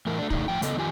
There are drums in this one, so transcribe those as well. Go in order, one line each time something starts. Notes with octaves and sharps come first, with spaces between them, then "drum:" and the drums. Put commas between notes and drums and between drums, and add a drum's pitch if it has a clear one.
A2 E3 A#4
A3 D4
A2 C#3 A3 D4 D#4, drum: kick
A2 F3 G5
C#3 B3 A4 D#5, drum: hi-hat
F2 D#3 F4 G4 G#5